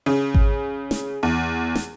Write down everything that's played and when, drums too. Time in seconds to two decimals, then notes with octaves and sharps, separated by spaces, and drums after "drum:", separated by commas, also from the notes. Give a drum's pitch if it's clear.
0.06 C#3
0.34 drum: kick G#1
0.91 drum: snare
1.23 E2
1.75 drum: snare